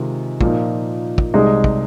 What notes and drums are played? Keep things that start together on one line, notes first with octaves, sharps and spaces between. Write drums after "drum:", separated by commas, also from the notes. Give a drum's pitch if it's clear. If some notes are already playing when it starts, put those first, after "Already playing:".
Already playing: C3 D#3 G#3 F4
A#2 F3 A#3 D#4, drum: kick
drum: kick
C2 C3 G#3 D#4 G#4
drum: kick